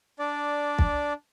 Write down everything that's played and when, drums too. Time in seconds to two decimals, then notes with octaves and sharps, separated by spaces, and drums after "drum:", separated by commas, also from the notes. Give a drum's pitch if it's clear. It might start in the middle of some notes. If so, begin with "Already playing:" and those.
0.19 D4 D5
0.79 drum: kick